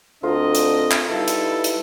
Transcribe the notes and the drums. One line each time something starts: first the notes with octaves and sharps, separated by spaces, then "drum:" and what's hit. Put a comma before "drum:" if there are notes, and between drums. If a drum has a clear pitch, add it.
D2 C4 D4 F4 A#4 D#5
drum: hi-hat
drum: clap
G3 D#4 E4 A4 B4 F5
drum: hi-hat
drum: hi-hat